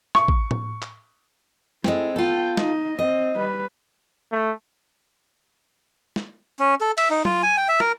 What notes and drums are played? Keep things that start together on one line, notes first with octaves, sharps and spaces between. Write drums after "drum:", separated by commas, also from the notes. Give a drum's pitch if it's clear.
C#6, drum: rim click
drum: kick
drum: tom A2
drum: clap
G#3 C4 E4 A4, drum: snare
B3 F4 A4 G5
D#4 D#5, drum: snare
C4 D#5
G3 B4
A3
drum: snare
C#4
A4
E5, drum: cymbal
D#4
F4, drum: tom F#3
G#5
G5
E5
A#4, drum: rim click